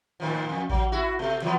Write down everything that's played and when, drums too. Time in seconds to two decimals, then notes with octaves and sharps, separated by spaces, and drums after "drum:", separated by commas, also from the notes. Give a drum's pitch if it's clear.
0.20 A2 D#3 F3
0.49 F2
0.69 F#3, drum: kick A1
0.92 E4 F#4
1.19 B2 A3
1.42 E3 F#3 B3